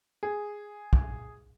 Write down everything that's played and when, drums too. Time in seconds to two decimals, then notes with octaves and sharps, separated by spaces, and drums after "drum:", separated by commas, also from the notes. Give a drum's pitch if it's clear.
0.23 G#4
0.93 drum: kick